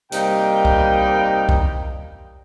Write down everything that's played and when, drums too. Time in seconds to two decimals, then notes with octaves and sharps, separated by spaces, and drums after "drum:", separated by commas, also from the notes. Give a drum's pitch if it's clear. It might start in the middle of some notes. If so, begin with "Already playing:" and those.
0.12 C3 G3 A#3 D#4 G5, drum: hi-hat
0.65 drum: kick B1
1.49 drum: kick B1